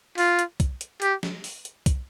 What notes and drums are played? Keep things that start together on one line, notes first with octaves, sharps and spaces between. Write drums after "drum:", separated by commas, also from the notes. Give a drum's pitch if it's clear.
F4, drum: open hi-hat
drum: hi-hat
drum: kick, hi-hat
drum: hi-hat
G4, drum: hi-hat
drum: snare
drum: open hi-hat
drum: hi-hat
drum: kick, hi-hat